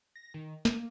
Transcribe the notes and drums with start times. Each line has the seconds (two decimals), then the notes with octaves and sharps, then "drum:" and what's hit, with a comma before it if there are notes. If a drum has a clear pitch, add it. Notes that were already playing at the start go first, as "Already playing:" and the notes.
0.16 A#6
0.34 D#3
0.65 A#3, drum: snare